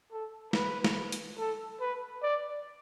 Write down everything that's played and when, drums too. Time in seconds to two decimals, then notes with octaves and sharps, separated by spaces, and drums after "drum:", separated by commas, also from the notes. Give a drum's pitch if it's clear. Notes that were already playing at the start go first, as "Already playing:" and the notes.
0.12 A4
0.53 B4, drum: snare
0.84 drum: snare
1.12 drum: hi-hat
1.38 A4
1.80 B4
2.22 D5